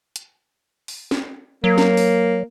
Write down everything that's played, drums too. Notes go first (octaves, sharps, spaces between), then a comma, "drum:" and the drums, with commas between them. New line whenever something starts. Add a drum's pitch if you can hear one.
drum: hi-hat
drum: open hi-hat
drum: snare
F#3 A#3
drum: snare
drum: open hi-hat